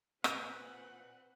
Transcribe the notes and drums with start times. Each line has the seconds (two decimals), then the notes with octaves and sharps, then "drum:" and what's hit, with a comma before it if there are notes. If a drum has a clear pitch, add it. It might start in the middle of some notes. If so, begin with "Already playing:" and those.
0.24 A#2 C4 B4 F#5, drum: rim click